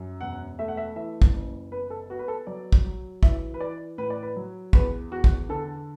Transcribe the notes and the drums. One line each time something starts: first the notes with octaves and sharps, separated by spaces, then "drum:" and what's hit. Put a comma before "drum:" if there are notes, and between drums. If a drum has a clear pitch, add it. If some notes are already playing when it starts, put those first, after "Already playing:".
Already playing: F#2
E1 F#5
A3 E5
F#5
E5
E3 E5
drum: kick
F#1
B3 B4
A4
B3 F#4
B4
A4
F#3 D5
drum: kick
F#3
E3 E5, drum: kick
B4
E3 D5
A2 B4
D5
B4
F#3
E2 B4, drum: kick
E2 F#4
drum: kick
D3 A4